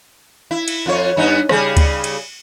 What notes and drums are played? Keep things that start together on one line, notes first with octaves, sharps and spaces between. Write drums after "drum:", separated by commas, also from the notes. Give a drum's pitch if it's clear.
E4
drum: cymbal
F2 F4 C#5
G2 B3 D#4
C#3 G3 G#4, drum: rim click
drum: kick D2, cymbal
drum: cymbal